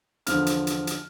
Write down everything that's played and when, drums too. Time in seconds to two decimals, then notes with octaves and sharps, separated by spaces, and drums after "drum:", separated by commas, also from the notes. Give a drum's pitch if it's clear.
0.27 E2 D3 F3 F6, drum: hi-hat
0.47 drum: hi-hat
0.67 drum: hi-hat
0.87 drum: hi-hat